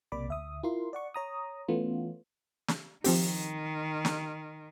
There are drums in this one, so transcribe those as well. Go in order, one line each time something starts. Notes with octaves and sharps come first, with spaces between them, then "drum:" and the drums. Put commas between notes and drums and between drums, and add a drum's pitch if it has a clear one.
B1 C3 A#3 D5 B5 D6
D2 E5 D#6
E4 F4 A#4 C6
D5 F#5 C#6
C#5 A#5 D#6
E3 A3 B3 C#4 F4
drum: snare
D#3 F3 C4 G4, drum: open hi-hat
drum: snare